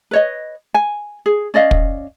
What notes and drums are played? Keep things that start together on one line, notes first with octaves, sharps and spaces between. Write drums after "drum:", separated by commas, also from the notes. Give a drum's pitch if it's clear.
B4 C#5 D#5
G#5
G#4
C#4 D5 D#5 F5
drum: kick